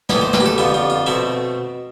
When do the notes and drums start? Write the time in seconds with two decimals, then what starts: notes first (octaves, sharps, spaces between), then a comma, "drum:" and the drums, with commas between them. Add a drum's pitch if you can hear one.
0.09 A2 E3 B3 B4, drum: snare
0.21 C5
0.33 B4, drum: snare
0.40 G4
0.46 A4
0.58 F2 D3 F3 B3 G4
0.74 F4
0.90 F4
1.06 B2 A3 C4 E4